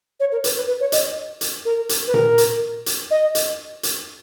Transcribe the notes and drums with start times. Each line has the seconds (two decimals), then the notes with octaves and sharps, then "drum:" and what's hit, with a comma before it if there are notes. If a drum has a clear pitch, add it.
0.20 C#5
0.32 A#4
0.44 B4, drum: hi-hat
0.56 B4
0.68 B4
0.80 C#5
0.92 D#5, drum: hi-hat
1.41 drum: hi-hat
1.65 A#4
1.89 drum: hi-hat
2.07 B4
2.14 A#4, drum: tom A#2
2.38 drum: hi-hat
2.86 drum: hi-hat
3.11 D#5
3.35 drum: hi-hat
3.83 drum: hi-hat